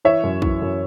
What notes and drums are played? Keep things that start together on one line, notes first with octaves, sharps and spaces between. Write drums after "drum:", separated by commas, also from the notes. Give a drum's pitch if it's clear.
E3 C#5 E5
F#2
E3, drum: kick
F#2